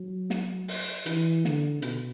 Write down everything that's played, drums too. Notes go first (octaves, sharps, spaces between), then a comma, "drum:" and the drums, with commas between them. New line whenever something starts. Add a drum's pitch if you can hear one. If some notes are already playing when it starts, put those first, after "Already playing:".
Already playing: F#3
drum: snare
drum: open hi-hat
E3, drum: hi-hat
D3, drum: snare
B2, drum: hi-hat